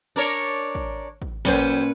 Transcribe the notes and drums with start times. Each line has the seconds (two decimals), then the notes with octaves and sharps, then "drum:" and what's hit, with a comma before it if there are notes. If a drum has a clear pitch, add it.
0.16 D4 A#4 C#5
0.75 drum: kick
1.22 drum: kick
1.45 A#2 F#3 C#4 B4 C5, drum: kick